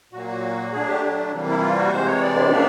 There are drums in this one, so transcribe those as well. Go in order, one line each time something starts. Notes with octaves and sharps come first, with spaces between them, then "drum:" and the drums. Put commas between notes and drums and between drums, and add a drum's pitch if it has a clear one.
A#2 F#3 A#3 F#4
F#4
F#3 A3 D4 G#4
G4
C3 E3 G3 A#3
E4
F4
F#4
C3 E3 G#3 C5
C#5
D5
drum: cymbal
F3 A#3 D4